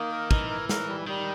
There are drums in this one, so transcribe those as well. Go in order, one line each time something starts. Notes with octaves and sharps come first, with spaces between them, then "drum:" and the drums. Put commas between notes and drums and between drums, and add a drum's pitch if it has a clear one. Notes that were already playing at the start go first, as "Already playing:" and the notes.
Already playing: D#3 A#3
A#4
E3 D#4, drum: kick
A#4
A#4, drum: snare
G3
D#3 G3